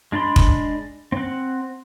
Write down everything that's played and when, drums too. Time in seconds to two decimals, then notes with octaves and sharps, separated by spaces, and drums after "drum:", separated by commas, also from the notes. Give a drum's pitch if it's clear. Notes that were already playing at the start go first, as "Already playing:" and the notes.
0.12 G#3 D4 D5 B5 C6
0.36 drum: kick F1
1.12 C4 F#5